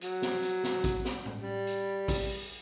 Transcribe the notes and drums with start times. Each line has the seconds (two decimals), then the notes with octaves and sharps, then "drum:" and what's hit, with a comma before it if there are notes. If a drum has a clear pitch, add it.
0.01 F#3, drum: hi-hat
0.22 drum: snare
0.43 drum: hi-hat
0.63 drum: snare
0.84 drum: kick, hi-hat
1.05 drum: snare
1.26 drum: tom A2
1.41 G3
1.67 drum: hi-hat
2.08 drum: kick, open hi-hat